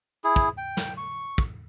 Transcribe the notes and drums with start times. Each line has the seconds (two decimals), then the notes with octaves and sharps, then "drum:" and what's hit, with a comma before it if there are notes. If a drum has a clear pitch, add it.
0.24 E4 G#4
0.36 drum: kick
0.58 G5
0.77 drum: snare
0.97 C#6
1.38 drum: kick